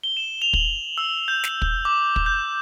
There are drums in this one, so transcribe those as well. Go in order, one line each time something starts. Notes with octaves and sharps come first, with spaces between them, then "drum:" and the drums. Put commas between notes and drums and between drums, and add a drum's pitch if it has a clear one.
G7
E7
F7
F#7, drum: kick
E6
G6
drum: snare
drum: kick
D6
drum: kick
G6